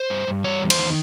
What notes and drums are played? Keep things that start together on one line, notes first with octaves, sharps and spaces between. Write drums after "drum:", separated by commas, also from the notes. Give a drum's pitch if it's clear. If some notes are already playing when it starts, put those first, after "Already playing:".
Already playing: C5
G2
G2
G3 C#5
E2
C5, drum: cymbal
D#3